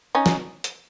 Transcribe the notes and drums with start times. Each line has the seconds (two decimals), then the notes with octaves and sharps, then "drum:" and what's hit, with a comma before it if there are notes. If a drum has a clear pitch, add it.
0.15 C#4 D#4
0.26 drum: snare
0.64 drum: hi-hat